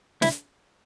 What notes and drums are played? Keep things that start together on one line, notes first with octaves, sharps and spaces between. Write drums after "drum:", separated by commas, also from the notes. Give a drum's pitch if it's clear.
E4, drum: snare